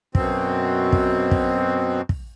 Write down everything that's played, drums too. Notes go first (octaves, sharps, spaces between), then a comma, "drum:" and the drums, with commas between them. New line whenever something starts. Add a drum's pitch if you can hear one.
F#2 B2 C4, drum: kick
drum: kick
drum: kick
drum: kick